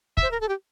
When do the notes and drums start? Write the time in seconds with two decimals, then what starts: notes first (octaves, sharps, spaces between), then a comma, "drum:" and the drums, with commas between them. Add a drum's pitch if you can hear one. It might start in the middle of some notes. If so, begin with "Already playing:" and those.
0.17 E5, drum: kick
0.22 C5
0.31 A#4
0.41 A4
0.49 G4